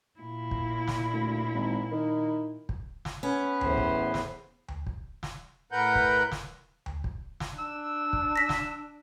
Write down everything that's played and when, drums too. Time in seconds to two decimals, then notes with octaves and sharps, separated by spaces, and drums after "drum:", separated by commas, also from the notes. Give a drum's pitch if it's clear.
0.19 A#2 E4
0.51 drum: kick
0.88 drum: snare
1.12 D2
1.54 G#1
1.92 D#3
2.69 drum: kick
3.05 drum: snare
3.23 B3 C#4 B4
3.61 E2 A2 C5, drum: tom D2
3.78 drum: kick
4.14 drum: snare
4.68 drum: tom D2
4.87 drum: kick
5.23 drum: snare
5.72 A2 A#4 B4 F#5 G6
5.95 drum: kick
6.32 drum: snare
6.86 drum: tom D2
7.04 drum: kick
7.40 drum: snare
7.59 D4 E6
8.13 drum: kick
8.36 A#6 B6
8.49 drum: snare